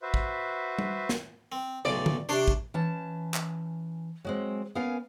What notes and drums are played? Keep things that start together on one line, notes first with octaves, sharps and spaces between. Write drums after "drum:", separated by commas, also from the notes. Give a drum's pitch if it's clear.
F#4 B4 C5 E5
drum: kick
drum: tom G3
drum: snare
C4
B1 A2 C#3 D5
drum: tom D3
C3 D4 C5 C#5 C6
drum: kick
E3 C#4 A5
drum: clap
F#3 G#3 C4
B3 C#4 A#4 F5 G#5